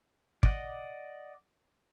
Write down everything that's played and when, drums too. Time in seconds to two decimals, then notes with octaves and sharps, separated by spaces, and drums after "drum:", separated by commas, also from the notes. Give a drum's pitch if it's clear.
0.43 D5 D#5 F#5, drum: kick